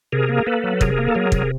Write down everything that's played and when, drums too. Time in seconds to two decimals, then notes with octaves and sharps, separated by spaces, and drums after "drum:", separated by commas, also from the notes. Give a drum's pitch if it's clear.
0.12 C3 G#4 A#4
0.29 A#3
0.46 A#3 A4 B4
0.64 F#3
0.81 C3 G#4 A#4, drum: kick
0.99 A#3
1.08 A4
1.14 F#3 G#4 A#4
1.32 C3, drum: kick